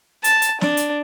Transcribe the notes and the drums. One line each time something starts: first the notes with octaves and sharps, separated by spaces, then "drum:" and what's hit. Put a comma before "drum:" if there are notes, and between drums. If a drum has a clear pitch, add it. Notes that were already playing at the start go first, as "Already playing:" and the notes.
A5, drum: hi-hat
drum: hi-hat
D4, drum: snare
drum: hi-hat